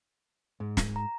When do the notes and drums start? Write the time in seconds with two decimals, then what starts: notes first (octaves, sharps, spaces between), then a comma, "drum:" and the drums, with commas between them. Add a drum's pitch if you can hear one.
0.60 G#2
0.77 drum: snare
0.96 A#5